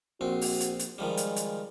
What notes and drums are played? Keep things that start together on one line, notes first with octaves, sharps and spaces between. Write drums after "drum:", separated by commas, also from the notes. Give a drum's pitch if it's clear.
A#1 C4 F#4
drum: open hi-hat
drum: hi-hat
drum: hi-hat
D#3 F3 G3 G#3
drum: hi-hat
drum: hi-hat